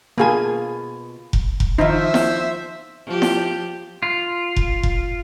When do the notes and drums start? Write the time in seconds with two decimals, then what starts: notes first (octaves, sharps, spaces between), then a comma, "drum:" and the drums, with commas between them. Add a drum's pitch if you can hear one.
0.18 B2 A#3 F4 G#4 G#5
1.33 drum: kick F1
1.60 drum: kick F1
1.78 D#3 F3 D#4 C5 E5
2.14 drum: snare E4
3.06 F3 G4
3.22 drum: snare E4
4.03 F4
4.56 drum: kick F1
4.83 drum: kick F1